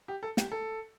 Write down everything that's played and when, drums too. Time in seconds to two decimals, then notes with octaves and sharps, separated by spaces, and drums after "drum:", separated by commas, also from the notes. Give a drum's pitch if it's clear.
0.08 G4
0.23 A4
0.37 G4, drum: snare
0.52 A4